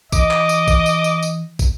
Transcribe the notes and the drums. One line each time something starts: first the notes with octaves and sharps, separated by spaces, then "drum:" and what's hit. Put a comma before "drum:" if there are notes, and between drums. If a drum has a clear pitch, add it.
E3 D#5 D6, drum: kick, tambourine
drum: clap
drum: tambourine
drum: kick, tambourine
drum: tambourine
drum: tambourine
drum: tambourine
drum: kick, tambourine